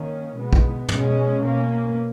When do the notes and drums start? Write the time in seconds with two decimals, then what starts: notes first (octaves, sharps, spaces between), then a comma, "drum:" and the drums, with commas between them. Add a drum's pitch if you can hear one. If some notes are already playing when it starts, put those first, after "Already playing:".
Already playing: D#3 A#3 C#4
0.36 B2 G#3 B3
0.53 drum: kick
0.88 B2 G#3 C#4, drum: tom
1.42 B2 A#3 C#4